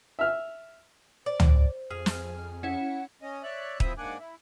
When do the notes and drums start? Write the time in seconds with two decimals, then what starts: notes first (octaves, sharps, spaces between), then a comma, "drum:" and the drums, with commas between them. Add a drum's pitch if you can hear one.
0.19 E5 F6
1.26 C5 D5
1.40 drum: tom
1.90 F2 G#4 F6
2.06 drum: snare
2.63 C#4 E4 C#5 F#5
3.22 C#4 D#5
3.43 C#5 D5 E5 F#6
3.80 F3 C4 E4 E5 D#6, drum: kick D#1
3.98 G#2 A#3 D4 F#5 G#5 D6
4.19 E4